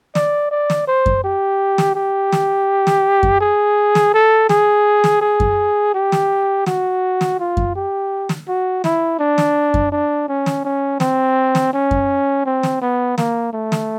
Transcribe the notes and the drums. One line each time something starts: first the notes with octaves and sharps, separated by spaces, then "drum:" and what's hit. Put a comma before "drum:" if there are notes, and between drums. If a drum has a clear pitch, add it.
D5, drum: snare
D5
drum: snare
C5
drum: kick F#2
G4
drum: snare
G4
drum: snare
drum: snare
drum: kick F#2
G#4
drum: snare
A4
G#4, drum: snare
drum: snare
G#4
drum: kick F#2
G4
drum: snare
F#4, drum: snare
drum: snare
F4
drum: kick F#2
G4
drum: snare
F#4
E4, drum: snare
D4
drum: snare
drum: kick F#2
D4
C#4
drum: snare
C#4
C4, drum: snare
drum: snare
C#4
drum: kick F#2
C4
drum: snare
B3
A#3, drum: snare
A3
drum: snare